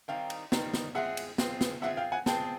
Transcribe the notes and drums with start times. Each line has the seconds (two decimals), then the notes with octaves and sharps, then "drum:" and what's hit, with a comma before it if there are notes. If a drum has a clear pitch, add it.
0.08 D#3 G3 C4 D#4 F5 G5
0.30 drum: cymbal
0.52 D#3 G3 C4 D#4, drum: snare
0.74 drum: snare
0.95 G#3 C4 F4 G#4 E5 F#5
1.17 drum: cymbal
1.38 G#3 C4 F4 G#4, drum: snare
1.61 drum: snare
1.82 G#3 C4 F4 G#4 E5 F#5
1.97 F5 G5
2.12 F#5 G#5
2.26 G#3 C4 F4 G#4 G5 A5, drum: snare